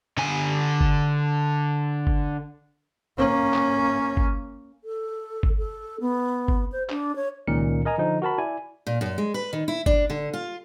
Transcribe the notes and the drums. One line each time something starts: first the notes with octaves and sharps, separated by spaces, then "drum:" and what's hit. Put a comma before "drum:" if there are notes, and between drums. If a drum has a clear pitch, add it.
D3 G#5, drum: clap
drum: kick G1
drum: kick G1
A#3 C#4
drum: clap
drum: kick G1
A4
drum: kick G1
A4
B3
drum: kick G1
C5
D4, drum: clap
C#5
C#2 A#2 D#3 C#4 A#4 C#7
A#4 D#5 G#5 A#5
D3 F3 D#4
F#4 A#4 A5 B5
E4 D5 G#5
A#2
F#2
G#3
B4
D#3
E4
D4, drum: kick G1
D3
F4